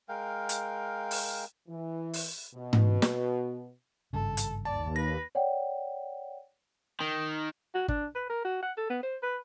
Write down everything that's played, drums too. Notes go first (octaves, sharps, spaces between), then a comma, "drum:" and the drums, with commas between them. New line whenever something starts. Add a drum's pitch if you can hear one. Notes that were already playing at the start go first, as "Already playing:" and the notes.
G#3 A#4 F5 G5
drum: hi-hat
drum: open hi-hat
E3
drum: open hi-hat
B2
drum: tom G#2
drum: snare
G#1 G2 C#3 A4
drum: hi-hat
D#2 D5 A5
B4 A#6
C#5 D5 F#5 G5
D#3
F#4
D4, drum: kick
B4
A#4
F#4
F#5
A4
B3
C5
B4